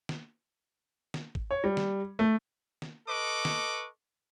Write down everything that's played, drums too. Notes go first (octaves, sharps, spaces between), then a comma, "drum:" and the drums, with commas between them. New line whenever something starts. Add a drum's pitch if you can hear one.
drum: snare
drum: snare
drum: kick
C#5
G3
drum: snare
A3
drum: snare
A4 B4 D#5 C#6 D6
drum: snare